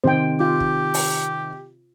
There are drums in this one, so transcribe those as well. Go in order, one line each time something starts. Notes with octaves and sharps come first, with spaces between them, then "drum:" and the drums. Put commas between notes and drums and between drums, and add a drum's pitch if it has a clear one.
C3 D#3 C5 G5
F4 G4
drum: kick
drum: open hi-hat